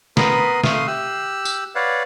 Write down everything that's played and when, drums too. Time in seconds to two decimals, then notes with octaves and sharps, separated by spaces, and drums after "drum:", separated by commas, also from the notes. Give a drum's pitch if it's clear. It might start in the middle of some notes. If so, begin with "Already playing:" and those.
0.17 B3 A#4 B4 B5 C6 D#6, drum: snare
0.64 A3 F5 C6 D#6, drum: snare
0.87 G4 E6 F#6
1.45 drum: tambourine
1.75 B4 C#5 D5 F5 F#5